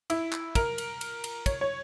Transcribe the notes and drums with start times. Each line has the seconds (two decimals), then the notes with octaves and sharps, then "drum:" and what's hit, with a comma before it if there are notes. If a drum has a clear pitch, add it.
0.10 E4, drum: cymbal
0.32 drum: clap
0.55 A#4, drum: kick, cymbal
0.78 drum: cymbal
1.01 drum: cymbal
1.24 drum: cymbal
1.46 C#5, drum: kick, cymbal
1.61 C#5